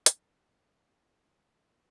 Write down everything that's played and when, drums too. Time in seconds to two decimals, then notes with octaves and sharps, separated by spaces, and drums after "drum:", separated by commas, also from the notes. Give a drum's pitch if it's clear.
0.06 D#4 G4 G#4 C6, drum: hi-hat